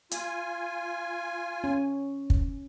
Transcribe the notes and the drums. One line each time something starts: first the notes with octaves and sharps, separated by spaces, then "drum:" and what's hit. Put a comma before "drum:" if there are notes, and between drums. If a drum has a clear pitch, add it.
F4 G#5, drum: hi-hat
C#4
drum: kick